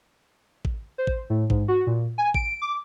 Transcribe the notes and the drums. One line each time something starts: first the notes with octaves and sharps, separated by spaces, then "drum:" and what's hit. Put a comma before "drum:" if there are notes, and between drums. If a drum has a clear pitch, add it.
drum: kick A1
C5
drum: kick A1
A2
G#2, drum: kick A1
F#4
A#2
G#5
D7, drum: kick A1
D6